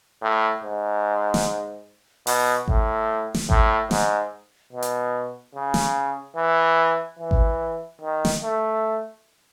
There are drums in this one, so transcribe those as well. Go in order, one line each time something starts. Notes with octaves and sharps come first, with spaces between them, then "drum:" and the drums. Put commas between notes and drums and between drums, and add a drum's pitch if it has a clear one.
A2
G#2
drum: snare
B2, drum: open hi-hat
A2, drum: kick G#1
drum: snare
A2, drum: kick G#1
G#2, drum: snare
B2
drum: hi-hat
C#3
drum: snare
E3
E3
drum: kick G#1
D#3
drum: snare
A3